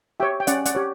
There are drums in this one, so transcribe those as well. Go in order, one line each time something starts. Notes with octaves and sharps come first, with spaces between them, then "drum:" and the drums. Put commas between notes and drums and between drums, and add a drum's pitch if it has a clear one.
G4 C#5 E5 G5
G5
C#4 D5 F#5, drum: hi-hat
D5 F#5, drum: hi-hat
G4 C#5